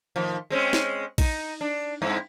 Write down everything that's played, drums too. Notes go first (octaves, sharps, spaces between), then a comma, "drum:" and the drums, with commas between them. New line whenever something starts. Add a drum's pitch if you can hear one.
A2 D#3 F3
G#3 C4 C#4
drum: snare
D#4, drum: kick A#1, cymbal
D4
G2 C4 E4